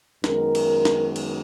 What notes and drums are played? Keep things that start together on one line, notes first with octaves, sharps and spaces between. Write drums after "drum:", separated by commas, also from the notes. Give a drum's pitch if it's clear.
F#2 D#3 G#3 B3 A#4, drum: snare
drum: cymbal
drum: snare
drum: cymbal